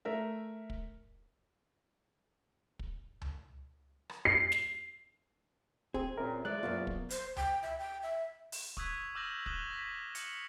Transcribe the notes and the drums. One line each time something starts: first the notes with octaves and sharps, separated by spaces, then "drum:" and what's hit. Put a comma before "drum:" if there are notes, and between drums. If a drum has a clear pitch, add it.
A3 A#4 E5
drum: kick
drum: kick
drum: tom C#2
drum: rim click
C7
drum: snare
C4 G#4, drum: kick
F#2 A#2 C4 A#4
E2 F3 G#3 D5 F#6
F#2 B2 A#3 F4
drum: kick
C5, drum: hi-hat
G5, drum: tom C#2
E5
G5
E5
drum: open hi-hat
C#6 D#6 E6 F#6 G#6 B6, drum: kick
D6 E6 F6 G6 A#6 F#7
D#6 E6 F#6 E7 G7, drum: kick
A#6 B6
C#7 F#7, drum: hi-hat